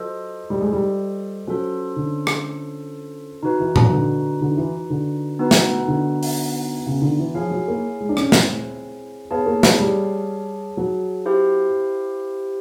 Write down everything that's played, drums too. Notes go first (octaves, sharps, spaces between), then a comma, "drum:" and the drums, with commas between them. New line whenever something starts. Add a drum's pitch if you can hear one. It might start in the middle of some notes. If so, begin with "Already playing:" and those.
Already playing: F#3 F4 A4 C5 D#5
G3
G#3
G3
F#3 C#4 F4 A4 C5
D3
drum: rim click
D#3 D#4 F#4 B4
E3
E3, drum: tom A2
D3
D3
E3
D3
B3 D#4 F#4 B4
drum: snare
D3
drum: open hi-hat
C#3
D3
E3
F3 E4 G#4 C#5 F5 G#5
F#3
A#3
G#3
D4
C#4, drum: rim click
C4, drum: snare
B3 G#4 C#5 F5 A5
A#3
B3, drum: snare
G3
F#3
E4 G4 C5 F5